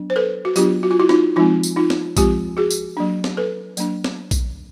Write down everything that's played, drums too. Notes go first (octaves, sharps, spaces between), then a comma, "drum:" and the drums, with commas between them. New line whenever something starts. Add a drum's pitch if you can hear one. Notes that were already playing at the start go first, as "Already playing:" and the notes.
Already playing: F#3 B3 D4
C5
A4 B4
F#4
F#3 B3 D4 F4 G4, drum: tambourine
F#4
F4
E4 F#4
D#4 F4, drum: snare
F3 G#3 C4 D#4 F4
drum: tambourine
D#4 F4
drum: snare
F3 G#3 C4 F4 G4, drum: kick, tambourine
F#4 G#4
drum: tambourine
F#3 A#3 D4
drum: snare
A4 B4
F#3 A#3 D4, drum: tambourine
drum: snare
drum: kick, tambourine